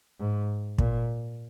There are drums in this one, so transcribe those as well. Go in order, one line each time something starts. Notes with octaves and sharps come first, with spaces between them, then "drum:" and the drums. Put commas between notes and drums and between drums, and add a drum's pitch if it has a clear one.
G#2
A#2, drum: kick